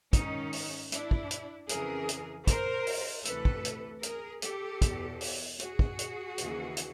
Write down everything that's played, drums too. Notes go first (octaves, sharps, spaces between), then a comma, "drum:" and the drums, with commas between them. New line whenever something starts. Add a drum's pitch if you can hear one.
G#2 D#3 C#4 D#4, drum: kick, hi-hat
drum: open hi-hat
D4 E4, drum: hi-hat
drum: kick
drum: hi-hat
F2 C#3 E3 G#4 A#4, drum: hi-hat
drum: hi-hat
A#4 C5, drum: kick, hi-hat
drum: open hi-hat
D2 C3 E3 A4 B4, drum: hi-hat
drum: kick
drum: hi-hat
G#4 A#4, drum: hi-hat
G4 A4, drum: hi-hat
E2 B2, drum: kick, hi-hat
drum: open hi-hat
F#4 G#4, drum: hi-hat
drum: kick
drum: hi-hat
D#2 C#3 E3, drum: hi-hat
drum: hi-hat